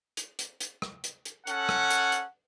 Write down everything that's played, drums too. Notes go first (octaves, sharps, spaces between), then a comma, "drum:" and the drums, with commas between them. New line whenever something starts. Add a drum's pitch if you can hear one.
drum: hi-hat
drum: hi-hat
drum: hi-hat
drum: rim click
drum: hi-hat
drum: hi-hat
C#4 A4 F#5, drum: hi-hat
drum: rim click
drum: hi-hat
drum: hi-hat